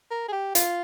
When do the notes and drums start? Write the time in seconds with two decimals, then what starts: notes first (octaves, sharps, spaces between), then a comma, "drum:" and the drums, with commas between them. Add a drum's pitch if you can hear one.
0.11 A#4
0.28 G#4
0.33 G4
0.55 F4, drum: hi-hat